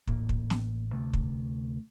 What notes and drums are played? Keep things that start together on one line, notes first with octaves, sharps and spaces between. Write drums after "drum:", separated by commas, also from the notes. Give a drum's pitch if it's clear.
A1 A2 A#3, drum: kick
drum: kick
drum: snare
D2 C3 A3
drum: kick